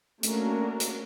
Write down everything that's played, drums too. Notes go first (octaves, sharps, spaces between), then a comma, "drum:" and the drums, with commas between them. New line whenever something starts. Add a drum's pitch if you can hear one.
A3 A#3 C#4 D4 F#4 A#4, drum: hi-hat
drum: hi-hat